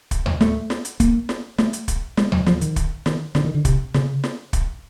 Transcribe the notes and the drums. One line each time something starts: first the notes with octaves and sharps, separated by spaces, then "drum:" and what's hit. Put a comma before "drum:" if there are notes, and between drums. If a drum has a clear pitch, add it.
drum: kick, hi-hat
drum: tom D#2
A3, drum: snare
drum: snare
drum: hi-hat
A#3, drum: kick, hi-hat
drum: snare
A3, drum: snare
drum: hi-hat
drum: kick, hi-hat
G#3, drum: snare
F#3, drum: tom D#2
F3, drum: snare
D#3, drum: hi-hat
drum: kick, hi-hat
D#3, drum: snare
D3, drum: snare
D#3
D3
C3, drum: kick, hi-hat
C#3, drum: snare
drum: snare
drum: kick, hi-hat